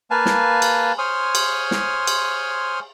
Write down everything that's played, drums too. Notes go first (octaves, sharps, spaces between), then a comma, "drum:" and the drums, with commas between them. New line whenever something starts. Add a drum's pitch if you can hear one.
A#3 B4 F5 G#5 A5
drum: snare
drum: cymbal
C5 C#5 G#5 C6 D#6 F6
drum: cymbal
drum: snare
drum: cymbal